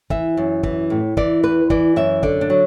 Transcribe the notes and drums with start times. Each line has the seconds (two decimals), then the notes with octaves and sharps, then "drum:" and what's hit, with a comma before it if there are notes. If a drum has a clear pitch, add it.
0.10 E3 E5, drum: kick
0.37 F#2
0.63 E3, drum: kick
0.90 A2
1.17 E3 D5, drum: kick
1.43 E2 B4
1.70 E3 D5, drum: kick
1.96 F#2 E5
2.23 D3 D5, drum: kick
2.41 D4
2.50 F#3